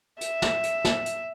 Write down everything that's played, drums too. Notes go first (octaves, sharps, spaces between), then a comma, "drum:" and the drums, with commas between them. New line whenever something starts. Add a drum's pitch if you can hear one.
E5, drum: hi-hat
drum: snare
drum: hi-hat
drum: snare
drum: hi-hat